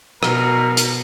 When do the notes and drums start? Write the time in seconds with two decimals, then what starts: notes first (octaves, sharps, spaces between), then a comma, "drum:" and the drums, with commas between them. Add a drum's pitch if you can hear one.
0.23 B2 A#4, drum: rim click
0.77 drum: hi-hat